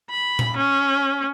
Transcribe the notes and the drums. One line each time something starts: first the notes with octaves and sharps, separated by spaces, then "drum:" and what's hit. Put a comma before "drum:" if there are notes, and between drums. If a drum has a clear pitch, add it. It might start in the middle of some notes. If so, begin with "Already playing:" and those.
B5
drum: tom A#2
C#4